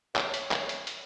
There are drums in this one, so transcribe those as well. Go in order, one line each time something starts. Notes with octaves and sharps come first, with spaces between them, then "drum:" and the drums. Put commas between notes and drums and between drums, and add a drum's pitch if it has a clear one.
C#5, drum: clap
drum: hi-hat
drum: clap
drum: hi-hat
drum: hi-hat